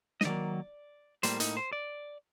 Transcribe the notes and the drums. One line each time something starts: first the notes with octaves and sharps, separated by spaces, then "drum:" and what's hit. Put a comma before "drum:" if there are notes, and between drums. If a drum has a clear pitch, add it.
D#5, drum: snare
D#3 F#3 A#3 D5
A2 G3 A#3 C5, drum: hi-hat
D#4, drum: hi-hat
C5
D5